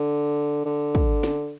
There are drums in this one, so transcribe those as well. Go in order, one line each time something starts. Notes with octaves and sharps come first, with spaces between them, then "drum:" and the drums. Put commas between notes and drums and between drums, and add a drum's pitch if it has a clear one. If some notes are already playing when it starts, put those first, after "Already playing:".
Already playing: D3
D3
drum: kick
drum: snare